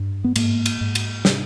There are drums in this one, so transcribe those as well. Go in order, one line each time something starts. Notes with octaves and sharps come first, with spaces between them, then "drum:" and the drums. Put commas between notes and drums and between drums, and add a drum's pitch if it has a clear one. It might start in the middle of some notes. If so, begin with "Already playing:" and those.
Already playing: G2
B3
G#2 A#3, drum: cymbal
drum: cymbal
G#2
drum: cymbal
C3, drum: snare